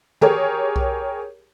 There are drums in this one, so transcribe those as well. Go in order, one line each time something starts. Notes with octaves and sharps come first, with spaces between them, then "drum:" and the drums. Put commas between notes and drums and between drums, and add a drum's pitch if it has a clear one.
G4 G#4 A#4 C#5, drum: tom
drum: kick B1